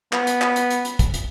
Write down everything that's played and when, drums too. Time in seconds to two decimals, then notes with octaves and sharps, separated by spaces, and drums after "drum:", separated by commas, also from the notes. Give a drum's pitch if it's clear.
0.13 B3, drum: clap
0.27 drum: hi-hat
0.42 drum: clap
0.56 drum: hi-hat
0.70 drum: hi-hat
0.85 drum: hi-hat
0.99 drum: kick, hi-hat
1.14 drum: hi-hat